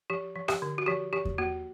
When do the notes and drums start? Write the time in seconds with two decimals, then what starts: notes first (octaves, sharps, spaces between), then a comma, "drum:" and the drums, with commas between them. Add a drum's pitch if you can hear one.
0.10 F3 G4
0.35 F3
0.48 G4, drum: rim click
0.62 D3
0.78 F#4
0.86 F3 G4
1.13 F3 G4
1.25 drum: kick E2
1.38 A#3 F#4